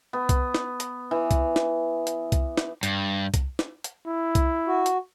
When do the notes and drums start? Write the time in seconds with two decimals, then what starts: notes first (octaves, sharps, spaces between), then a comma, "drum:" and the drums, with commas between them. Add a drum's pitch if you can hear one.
0.13 B3
0.29 drum: kick C2, hi-hat
0.55 drum: snare
0.80 drum: hi-hat
1.11 E3
1.31 drum: kick C2, hi-hat
1.56 drum: snare
2.07 drum: hi-hat
2.32 drum: kick C2, hi-hat
2.58 drum: snare
2.83 G2, drum: hi-hat
3.34 drum: kick C2, hi-hat
3.59 drum: snare
3.84 drum: hi-hat
4.06 E4
4.35 drum: kick C2, hi-hat
4.67 F#4
4.86 drum: hi-hat